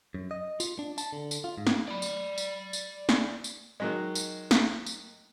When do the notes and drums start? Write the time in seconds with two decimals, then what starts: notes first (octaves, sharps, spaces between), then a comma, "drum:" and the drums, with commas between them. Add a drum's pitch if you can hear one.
0.14 F#2
0.31 D#5
0.60 F4, drum: tambourine
0.79 D4
0.98 A5, drum: tambourine
1.13 D3
1.31 drum: tambourine
1.44 F4
1.58 G#2
1.67 drum: snare
1.88 D5 B5
2.02 drum: tambourine
2.38 drum: tambourine
2.73 drum: tambourine
3.09 drum: snare
3.44 drum: tambourine
3.80 D#3 F#3 G#3
4.15 drum: tambourine
4.51 drum: snare
4.86 drum: tambourine